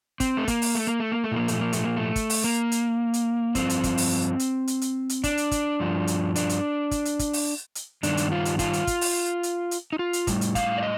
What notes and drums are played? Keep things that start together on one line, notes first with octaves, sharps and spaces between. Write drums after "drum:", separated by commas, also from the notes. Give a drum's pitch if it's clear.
C4, drum: kick, hi-hat
A3
A#3, drum: kick, hi-hat
drum: open hi-hat
A3
A#3
A3
A#3
A3
A#2 F3 A#3
A3, drum: hi-hat
A#3
A3, drum: hi-hat
A#3
A3
drum: kick, hi-hat
drum: open hi-hat
A#3
drum: hi-hat
drum: hi-hat
G2 F3 C4, drum: kick, hi-hat
drum: hi-hat
drum: kick, hi-hat
drum: open hi-hat
drum: hi-hat
drum: hi-hat
drum: hi-hat
drum: hi-hat
D4, drum: kick, hi-hat
drum: hi-hat
drum: kick, hi-hat
G2 F3
drum: hi-hat
D4, drum: hi-hat
drum: hi-hat
drum: kick, hi-hat
drum: hi-hat
drum: kick, hi-hat
drum: open hi-hat
drum: hi-hat
G2 D#3 G3 D4, drum: hi-hat
drum: hi-hat
F4
drum: hi-hat
F4, drum: kick, hi-hat
drum: hi-hat
drum: kick, hi-hat
drum: open hi-hat
drum: hi-hat
drum: hi-hat
D#4
F4
drum: hi-hat
A2 G3, drum: kick, hi-hat
drum: hi-hat
F5, drum: kick, hi-hat
D5
D#5